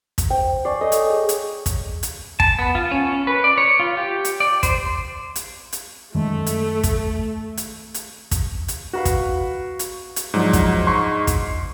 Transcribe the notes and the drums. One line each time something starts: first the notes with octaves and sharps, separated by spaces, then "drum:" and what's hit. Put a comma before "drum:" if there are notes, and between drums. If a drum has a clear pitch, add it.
drum: kick, hi-hat
C5 G5
D5 G#5 C#6 C7
A4 C#5 D#5 C#6
drum: hi-hat
G#4
drum: hi-hat
drum: kick, hi-hat
drum: hi-hat
A5, drum: kick
B3
F4
C#4
C#4
B4
D5
C#5
F4
G4
drum: hi-hat
D5
C5, drum: kick, hi-hat
drum: hi-hat
drum: hi-hat
F#2 D#3 G#3 A3
drum: hi-hat
drum: kick, hi-hat
drum: hi-hat
drum: hi-hat
drum: kick, hi-hat
drum: hi-hat
F#4 B4 F5
drum: kick, hi-hat
drum: hi-hat
drum: hi-hat
G#2 F3 F#3 D4
drum: kick, hi-hat
C6 C#6 C7
drum: kick, hi-hat